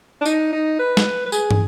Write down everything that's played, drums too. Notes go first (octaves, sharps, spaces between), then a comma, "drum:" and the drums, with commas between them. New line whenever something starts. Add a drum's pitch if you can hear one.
D4
D#4, drum: tambourine
D#4
B4
drum: snare
B4
G#4, drum: tambourine
drum: tom